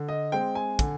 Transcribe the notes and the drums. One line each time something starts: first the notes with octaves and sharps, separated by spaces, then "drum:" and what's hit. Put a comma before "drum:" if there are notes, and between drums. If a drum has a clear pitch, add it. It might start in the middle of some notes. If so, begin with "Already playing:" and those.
Already playing: D3
D#5
G#3 C4 G5
G#5
D3, drum: kick, hi-hat